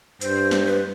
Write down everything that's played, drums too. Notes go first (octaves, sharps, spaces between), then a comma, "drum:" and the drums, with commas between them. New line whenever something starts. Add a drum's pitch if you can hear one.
G2 C5, drum: hi-hat
drum: snare
B4